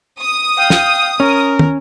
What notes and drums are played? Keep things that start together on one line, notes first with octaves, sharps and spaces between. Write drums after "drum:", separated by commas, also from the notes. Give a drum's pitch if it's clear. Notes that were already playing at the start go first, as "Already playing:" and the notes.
D#6
F5 G5
drum: snare
C#4 A#4
drum: tom